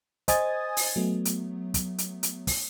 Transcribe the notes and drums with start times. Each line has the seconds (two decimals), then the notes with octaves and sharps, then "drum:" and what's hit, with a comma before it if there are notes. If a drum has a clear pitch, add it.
0.28 C5 D#5 G#5 D#6 G#6 A6, drum: kick, hi-hat
0.77 drum: open hi-hat
0.96 F#3 A3 B3
1.25 drum: hi-hat
1.74 drum: kick, hi-hat
1.98 drum: hi-hat
2.23 drum: hi-hat
2.47 drum: kick, open hi-hat